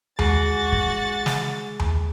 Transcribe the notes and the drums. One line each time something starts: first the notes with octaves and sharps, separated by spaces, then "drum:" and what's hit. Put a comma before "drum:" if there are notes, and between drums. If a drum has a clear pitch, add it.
G#3 F#4 G#4 A6, drum: tom D#2
drum: kick
drum: snare
drum: tom D#2